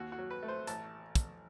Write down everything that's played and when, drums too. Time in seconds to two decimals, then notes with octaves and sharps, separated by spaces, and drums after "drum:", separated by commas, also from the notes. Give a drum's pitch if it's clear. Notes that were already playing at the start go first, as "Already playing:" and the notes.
Already playing: D#2 F#4
0.12 F#4
0.18 F#3
0.31 B4
0.43 A3
0.48 C5
0.67 A1 A5, drum: hi-hat
1.15 drum: kick, hi-hat